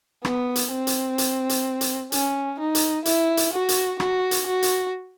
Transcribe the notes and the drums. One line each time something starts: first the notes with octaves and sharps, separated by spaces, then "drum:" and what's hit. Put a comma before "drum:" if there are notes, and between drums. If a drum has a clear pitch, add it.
B3, drum: rim click
drum: hi-hat
C4
drum: hi-hat
drum: hi-hat
drum: hi-hat
drum: hi-hat
C#4, drum: hi-hat
D#4
drum: hi-hat
E4, drum: hi-hat
drum: hi-hat
F#4
drum: hi-hat
F#4, drum: rim click
drum: hi-hat
F#4
drum: hi-hat